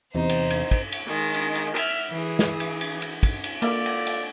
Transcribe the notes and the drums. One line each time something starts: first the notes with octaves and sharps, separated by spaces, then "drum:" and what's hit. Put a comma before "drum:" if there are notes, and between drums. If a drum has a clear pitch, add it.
E2 C3 D#4 C5
drum: cymbal
drum: cymbal
drum: kick, cymbal
drum: cymbal
D#3 G#3
drum: cymbal
drum: cymbal
E5 F6 F#6, drum: cymbal
E3 G#4
drum: snare
drum: cymbal
drum: cymbal
drum: cymbal
drum: kick, cymbal
drum: cymbal
A#3 F4 A4 D5 E5, drum: cymbal
drum: cymbal
drum: cymbal